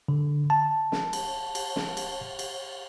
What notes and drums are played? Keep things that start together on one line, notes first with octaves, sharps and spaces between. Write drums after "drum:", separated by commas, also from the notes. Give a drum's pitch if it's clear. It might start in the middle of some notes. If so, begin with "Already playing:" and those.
D3
A5
drum: snare
drum: cymbal
drum: cymbal
drum: snare
drum: cymbal
drum: cymbal